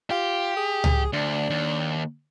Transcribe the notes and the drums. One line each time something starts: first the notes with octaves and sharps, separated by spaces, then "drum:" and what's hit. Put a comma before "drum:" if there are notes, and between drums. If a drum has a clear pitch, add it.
F4 G4
G#4
drum: tom C#2
D2 D4
D#2